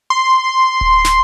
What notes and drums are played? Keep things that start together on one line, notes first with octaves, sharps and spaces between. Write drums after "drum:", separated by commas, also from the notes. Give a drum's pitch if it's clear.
C6
drum: kick D1
drum: snare